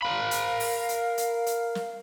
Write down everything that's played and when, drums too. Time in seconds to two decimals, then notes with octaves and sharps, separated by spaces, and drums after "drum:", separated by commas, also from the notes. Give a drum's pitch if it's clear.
0.02 A#4 F5 B5
0.31 drum: hi-hat
0.60 drum: open hi-hat
0.89 drum: hi-hat
1.18 drum: hi-hat
1.46 drum: hi-hat
1.75 drum: snare